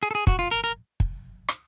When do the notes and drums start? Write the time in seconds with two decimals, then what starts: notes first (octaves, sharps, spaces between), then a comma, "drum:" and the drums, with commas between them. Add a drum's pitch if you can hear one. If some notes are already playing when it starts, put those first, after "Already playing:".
0.03 G#4
0.11 A4
0.15 G#4
0.27 F#4, drum: kick
0.39 F4
0.51 A#4
0.64 A#4
1.00 drum: kick
1.48 drum: rim click